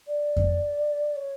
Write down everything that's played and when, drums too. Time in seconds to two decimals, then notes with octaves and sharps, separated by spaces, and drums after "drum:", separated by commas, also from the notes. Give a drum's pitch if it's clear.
0.07 D5
0.37 drum: kick F2
1.16 C#5